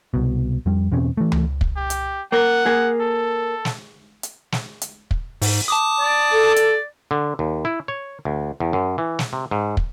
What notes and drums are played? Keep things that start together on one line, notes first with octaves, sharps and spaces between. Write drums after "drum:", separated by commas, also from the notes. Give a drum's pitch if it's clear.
C2 B2
F2 G3
E2 B2 C4 C#4
E3 A3
drum: tom C#2
drum: kick
G4
drum: hi-hat
A#3 A#4 F#5
A#3 G#4
A4
drum: snare
drum: hi-hat
drum: snare
drum: hi-hat
drum: kick
G#2, drum: open hi-hat
A5 D6 D#6
D5
A4
drum: hi-hat
D3
D#2
E4
C#5
D2
E2
F#2
E3
drum: snare
C3
G#2
drum: kick